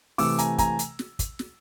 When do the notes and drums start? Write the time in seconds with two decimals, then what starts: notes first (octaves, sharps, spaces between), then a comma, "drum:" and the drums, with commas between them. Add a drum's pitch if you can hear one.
0.18 C3 E3 A3 D6 E6, drum: open hi-hat
0.38 G#5 A#5, drum: hi-hat
0.58 G#5 A#5, drum: kick, hi-hat
0.79 drum: hi-hat
0.99 drum: snare
1.19 drum: kick, hi-hat
1.39 drum: snare